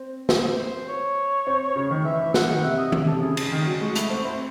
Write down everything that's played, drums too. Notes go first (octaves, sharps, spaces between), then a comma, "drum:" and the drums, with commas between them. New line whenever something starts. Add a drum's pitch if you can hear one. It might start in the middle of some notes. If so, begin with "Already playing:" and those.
Already playing: C4
C5, drum: snare
C5
C#5
C4
C#3
D#3
E3 E5
E3
E3 F#5, drum: snare
D#3
C3 E5
D#5
E5, drum: tom D#3
C3 A4
C#3 G#4
C#3, drum: cymbal
D#3
F#3
G#3 F#4
A3 E4, drum: hi-hat
C4 F#4
C4 E4